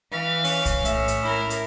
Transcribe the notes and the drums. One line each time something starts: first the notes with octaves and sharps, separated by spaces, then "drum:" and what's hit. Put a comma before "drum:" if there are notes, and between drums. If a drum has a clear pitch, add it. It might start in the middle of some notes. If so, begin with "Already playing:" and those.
E3 F5
C#4, drum: open hi-hat
drum: kick B1, hi-hat
A2 E5, drum: hi-hat
drum: hi-hat
E4 A#4
drum: hi-hat